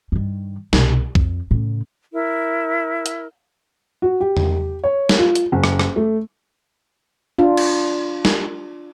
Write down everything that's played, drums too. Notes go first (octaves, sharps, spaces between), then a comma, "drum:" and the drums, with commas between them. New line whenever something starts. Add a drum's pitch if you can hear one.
G2 D#3
C2 B2, drum: snare
F2, drum: kick B1
A2 C#3
E4 A#4
drum: hi-hat
F#4
G4
drum: tom E2
C#5
drum: snare
F4
drum: hi-hat
F#1
drum: rim click
drum: rim click
A3
D4 F4
drum: cymbal
drum: snare